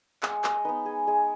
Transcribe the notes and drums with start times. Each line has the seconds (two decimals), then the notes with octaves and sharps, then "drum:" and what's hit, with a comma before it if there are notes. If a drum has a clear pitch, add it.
0.23 G#3 F#5, drum: clap
0.44 D#5, drum: clap
0.65 B3 D#4 B4
0.86 G#4
1.07 G#3 G#4